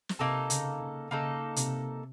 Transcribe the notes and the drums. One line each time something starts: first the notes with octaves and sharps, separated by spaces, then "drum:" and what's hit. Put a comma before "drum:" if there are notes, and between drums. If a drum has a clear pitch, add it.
drum: snare
C3 A#3 D#4 A4
C#3, drum: hi-hat
C#3
C#3 A#3 D#4 A4
C3, drum: hi-hat